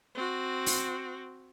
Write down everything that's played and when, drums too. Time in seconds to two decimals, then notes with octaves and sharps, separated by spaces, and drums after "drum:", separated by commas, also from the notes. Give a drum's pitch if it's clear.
0.15 C4 F#4
0.66 drum: open hi-hat